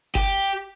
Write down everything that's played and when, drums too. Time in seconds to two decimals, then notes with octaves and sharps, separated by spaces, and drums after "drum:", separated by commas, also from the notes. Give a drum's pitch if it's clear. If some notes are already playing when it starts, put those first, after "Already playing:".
0.15 G4, drum: kick F#1, hi-hat